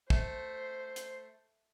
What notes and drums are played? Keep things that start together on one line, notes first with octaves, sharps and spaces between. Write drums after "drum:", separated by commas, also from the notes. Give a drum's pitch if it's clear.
A3 C5, drum: kick
drum: hi-hat